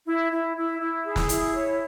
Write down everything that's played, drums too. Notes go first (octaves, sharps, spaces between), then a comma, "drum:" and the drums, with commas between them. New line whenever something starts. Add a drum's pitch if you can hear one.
E4
E4
E4
E4
G#4
drum: snare
E4, drum: hi-hat
C#5